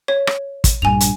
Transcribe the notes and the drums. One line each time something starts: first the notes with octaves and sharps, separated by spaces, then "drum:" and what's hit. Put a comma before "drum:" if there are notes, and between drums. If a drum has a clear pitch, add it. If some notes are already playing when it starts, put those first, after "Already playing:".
C#5
drum: rim click
drum: kick, hi-hat
A#1 G2 G#5 F7
drum: hi-hat